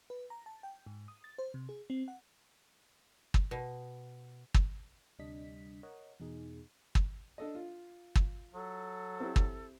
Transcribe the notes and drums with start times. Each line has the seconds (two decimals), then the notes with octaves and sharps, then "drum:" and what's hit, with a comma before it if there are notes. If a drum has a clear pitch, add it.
0.10 B4
0.30 A#5
0.46 A5
0.63 G5
0.86 G#2
1.08 D#6
1.24 A6
1.38 C5
1.54 C3
1.69 G#4
1.90 C4
2.08 F#5
3.34 drum: kick
3.51 B2
4.54 drum: kick
5.19 D2 C3 G3 D4 D#5 B6
5.83 A#4 C#5 D#5 F#5
6.20 E2 B2 D#4 G#4
6.95 drum: kick
7.38 D4 A4 D#5
7.55 F4
8.15 drum: kick
8.54 F#3 A4
9.20 C4 E4 G4
9.36 drum: kick